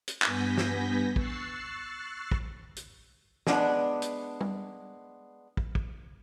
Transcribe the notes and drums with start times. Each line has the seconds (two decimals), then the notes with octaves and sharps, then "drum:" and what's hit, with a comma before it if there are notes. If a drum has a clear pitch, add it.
0.07 drum: hi-hat
0.22 G2 B3 G#5 G6 A#6 B6, drum: clap
0.57 drum: snare
1.16 C#6 E6 F#6 A6 C7, drum: kick
2.31 drum: kick
2.76 drum: hi-hat
3.47 G#3 B3 D4, drum: snare
4.02 drum: hi-hat
4.41 drum: tom
5.57 drum: kick
5.75 drum: kick